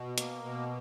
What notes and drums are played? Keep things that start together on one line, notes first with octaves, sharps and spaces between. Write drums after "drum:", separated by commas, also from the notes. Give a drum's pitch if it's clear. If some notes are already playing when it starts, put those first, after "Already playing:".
Already playing: B2
A#3, drum: hi-hat
B2